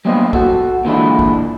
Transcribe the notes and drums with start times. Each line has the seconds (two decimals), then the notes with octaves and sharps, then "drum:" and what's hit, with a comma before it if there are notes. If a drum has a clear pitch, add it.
0.05 F#3 G3 A#3 B3 C5 D#5
0.33 F#4 A4, drum: kick
0.85 A#2 D3 E3 G#3 D4 E4
1.19 drum: kick